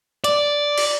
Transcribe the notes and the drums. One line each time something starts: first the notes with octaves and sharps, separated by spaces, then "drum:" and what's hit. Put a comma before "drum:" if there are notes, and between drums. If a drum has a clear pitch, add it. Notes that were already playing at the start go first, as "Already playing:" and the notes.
D5, drum: hi-hat
drum: cymbal